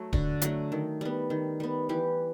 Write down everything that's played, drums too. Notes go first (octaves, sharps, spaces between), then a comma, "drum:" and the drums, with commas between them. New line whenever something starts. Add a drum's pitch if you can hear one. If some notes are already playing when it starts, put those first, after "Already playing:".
Already playing: F#3 A3
D3 F#4, drum: kick D1
F#3 A3, drum: hi-hat
D#3
G3 B3
D#3
G3 B3
E3 G4